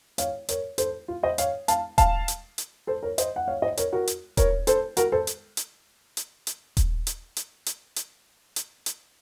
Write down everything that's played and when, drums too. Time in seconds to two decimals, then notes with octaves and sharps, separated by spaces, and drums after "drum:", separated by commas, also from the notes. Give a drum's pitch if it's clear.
0.18 C#5 F5, drum: hi-hat
0.49 A#4 C#5, drum: hi-hat
0.78 A4 C5, drum: hi-hat
1.08 F4
1.23 C5 D#5
1.38 C#5 F5, drum: hi-hat
1.68 F5 A5, drum: hi-hat
1.98 F5 A5, drum: kick D#1, hi-hat
2.28 drum: hi-hat
2.58 drum: hi-hat
2.87 A4 C5
3.03 A#4 C#5
3.18 C5 D#5, drum: hi-hat
3.36 F#5
3.48 C#5 F5
3.62 C5 D#5
3.77 A#4 C#5, drum: hi-hat
3.93 F#4 A#4
4.07 drum: hi-hat
4.37 A#4 C#5, drum: kick D#1, hi-hat
4.67 A4 C5, drum: hi-hat
4.97 F#4 A#4, drum: hi-hat
5.12 A4 C5
5.27 drum: hi-hat
5.57 drum: hi-hat
6.17 drum: hi-hat
6.47 drum: hi-hat
6.77 drum: kick D#1, hi-hat
7.07 drum: hi-hat
7.37 drum: hi-hat
7.66 drum: hi-hat
7.96 drum: hi-hat
8.56 drum: hi-hat
8.86 drum: hi-hat